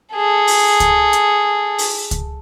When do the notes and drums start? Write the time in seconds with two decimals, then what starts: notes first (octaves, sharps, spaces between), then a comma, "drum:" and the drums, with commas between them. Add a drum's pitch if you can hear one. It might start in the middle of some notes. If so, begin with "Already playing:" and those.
0.15 G#4 A4
0.47 drum: open hi-hat
0.80 drum: kick C#2, hi-hat
1.13 drum: hi-hat
1.78 drum: open hi-hat
2.11 drum: kick C#2, hi-hat